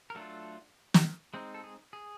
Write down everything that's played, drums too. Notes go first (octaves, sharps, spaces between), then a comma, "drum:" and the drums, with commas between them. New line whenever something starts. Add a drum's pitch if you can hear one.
A#4
F#3 A3 D4 F4 A4
drum: snare
G#3 C4 D#4
A4
G#4
G#4